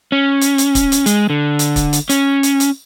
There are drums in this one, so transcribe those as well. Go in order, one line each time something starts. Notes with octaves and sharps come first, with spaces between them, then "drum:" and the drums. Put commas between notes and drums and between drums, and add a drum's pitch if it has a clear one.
C#4
drum: hi-hat
drum: hi-hat
drum: kick, hi-hat
drum: hi-hat
G#3, drum: hi-hat
D3
drum: hi-hat
drum: kick, hi-hat
drum: hi-hat
C#4, drum: hi-hat
drum: hi-hat
drum: hi-hat